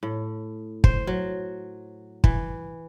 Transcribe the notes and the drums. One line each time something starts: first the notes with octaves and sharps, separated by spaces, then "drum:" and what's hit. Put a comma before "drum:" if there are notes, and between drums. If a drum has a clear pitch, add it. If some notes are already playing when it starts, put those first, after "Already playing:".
A2
C5, drum: kick
F#3
E3, drum: kick